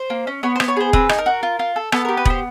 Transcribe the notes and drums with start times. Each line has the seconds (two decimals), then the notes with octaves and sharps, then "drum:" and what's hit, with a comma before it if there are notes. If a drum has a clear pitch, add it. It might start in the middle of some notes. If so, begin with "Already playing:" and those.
Already playing: C5
0.10 A#3
0.27 C#4
0.43 B3 C#5
0.56 C5
0.60 B3, drum: rim click
0.68 C#5
0.76 G#4 C5
0.93 C4 B4, drum: kick E1
1.09 D#4, drum: rim click
1.18 A#4
1.26 F#4
1.43 F4
1.59 F4
1.76 A4
1.92 B3 A4, drum: rim click
2.05 A#4
2.09 G4
2.17 B4
2.25 B3 C5, drum: kick E1